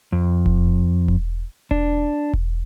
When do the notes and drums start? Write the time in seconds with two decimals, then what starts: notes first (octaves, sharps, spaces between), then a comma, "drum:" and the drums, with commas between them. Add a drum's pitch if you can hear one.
0.12 F2
0.46 drum: kick E1
1.08 drum: kick E1
1.71 D4, drum: kick E1
2.33 drum: kick E1